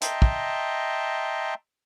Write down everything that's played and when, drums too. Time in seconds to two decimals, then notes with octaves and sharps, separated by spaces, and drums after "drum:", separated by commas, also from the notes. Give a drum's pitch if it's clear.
0.02 D#5 E5 G5 A5 A#5 C6, drum: hi-hat
0.22 drum: kick